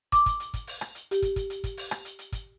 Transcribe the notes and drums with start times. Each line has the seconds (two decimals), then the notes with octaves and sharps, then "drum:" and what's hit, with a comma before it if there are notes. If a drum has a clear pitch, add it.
0.12 D6, drum: kick, hi-hat
0.26 drum: kick, hi-hat
0.40 drum: hi-hat
0.54 drum: kick, hi-hat
0.67 drum: open hi-hat
0.81 drum: rim click
0.95 drum: hi-hat
1.11 G4, drum: hi-hat
1.22 drum: kick, hi-hat
1.36 drum: kick, hi-hat
1.50 drum: hi-hat
1.64 drum: kick, hi-hat
1.77 drum: open hi-hat
1.91 drum: rim click
2.05 drum: hi-hat
2.19 drum: hi-hat
2.32 drum: kick, hi-hat